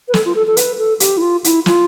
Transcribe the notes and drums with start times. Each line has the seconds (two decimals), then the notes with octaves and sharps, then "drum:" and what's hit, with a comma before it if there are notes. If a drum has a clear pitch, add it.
0.08 B4
0.14 A4, drum: snare
0.25 F4
0.35 A4
0.47 A4
0.57 B4, drum: hi-hat
0.78 A4
1.00 G4, drum: hi-hat
1.17 E4
1.22 F4
1.44 E4, drum: hi-hat
1.66 F4, drum: snare